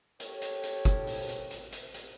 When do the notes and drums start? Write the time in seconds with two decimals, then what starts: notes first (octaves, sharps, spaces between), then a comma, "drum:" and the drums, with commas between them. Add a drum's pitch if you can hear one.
0.20 G4 A4 C#5, drum: hi-hat
0.42 drum: hi-hat
0.64 drum: hi-hat
0.85 drum: kick F#1, hi-hat
1.07 drum: open hi-hat
1.29 drum: hi-hat
1.51 drum: hi-hat
1.73 drum: hi-hat
1.94 drum: hi-hat